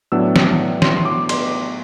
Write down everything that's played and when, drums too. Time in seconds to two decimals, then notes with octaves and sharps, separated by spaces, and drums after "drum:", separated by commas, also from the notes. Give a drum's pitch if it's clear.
0.12 A2 F#3 B3 D4 E6
0.36 drum: snare
0.82 C6, drum: snare
0.97 C6
1.05 D6
1.29 C6, drum: cymbal